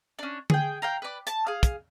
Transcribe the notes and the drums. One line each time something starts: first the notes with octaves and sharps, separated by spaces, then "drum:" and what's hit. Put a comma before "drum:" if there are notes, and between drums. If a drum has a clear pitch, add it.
C#4 D4
G#4 G5, drum: tom D3
A#4 F5 G5
B4 D5
A5, drum: hi-hat
G#4 F5
drum: kick, hi-hat